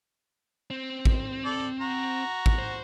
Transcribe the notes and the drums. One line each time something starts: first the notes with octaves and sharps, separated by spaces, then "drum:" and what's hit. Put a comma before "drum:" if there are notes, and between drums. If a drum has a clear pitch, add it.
C4
drum: kick
A4 D5
F#4 A#5
drum: kick
C5